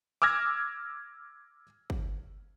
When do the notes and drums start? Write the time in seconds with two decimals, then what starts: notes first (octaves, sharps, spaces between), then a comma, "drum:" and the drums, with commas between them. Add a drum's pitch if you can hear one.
0.22 D6 E6 F6 G#6 A#6
1.90 drum: kick